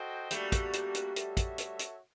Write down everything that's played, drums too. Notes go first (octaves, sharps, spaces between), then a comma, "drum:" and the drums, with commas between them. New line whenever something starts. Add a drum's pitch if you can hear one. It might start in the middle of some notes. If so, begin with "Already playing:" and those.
Already playing: F#4 A4 C5 D#5 G5
G3 A3 A#3 D4 F#4, drum: hi-hat
drum: kick, hi-hat
drum: hi-hat
drum: hi-hat
F#4 A4 C#5 E5, drum: hi-hat
drum: kick, hi-hat
drum: hi-hat
drum: hi-hat